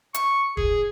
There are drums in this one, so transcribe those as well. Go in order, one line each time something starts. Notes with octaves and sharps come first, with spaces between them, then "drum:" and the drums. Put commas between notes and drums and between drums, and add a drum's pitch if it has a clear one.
C#6, drum: hi-hat
G#4, drum: kick